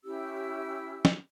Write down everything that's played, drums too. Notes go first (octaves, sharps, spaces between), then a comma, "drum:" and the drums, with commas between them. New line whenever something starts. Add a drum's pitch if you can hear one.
C#4 E4 G4 E6
drum: snare